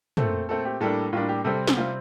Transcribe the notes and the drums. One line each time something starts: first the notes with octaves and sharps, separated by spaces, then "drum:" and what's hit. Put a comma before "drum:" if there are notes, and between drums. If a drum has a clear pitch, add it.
A#2 A3 C4 A4, drum: tom
A#2 A3 C4 A4
G4
A2 G3 A#3 D4 A4
A2 G3 A#3 D4 F4
G4
C3 G3 C4 A4
drum: snare
C3 G3 C4 F4